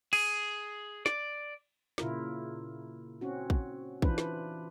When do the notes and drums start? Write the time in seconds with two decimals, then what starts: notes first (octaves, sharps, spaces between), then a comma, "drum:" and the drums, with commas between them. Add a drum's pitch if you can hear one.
0.13 G#4, drum: cymbal
1.06 D5, drum: snare
1.98 A#2 C#3 E4 F4 A#4, drum: snare
3.21 C4 C#4 F#4
3.50 drum: kick
4.02 E3 D4 F4 B4 C5, drum: kick
4.18 B4, drum: snare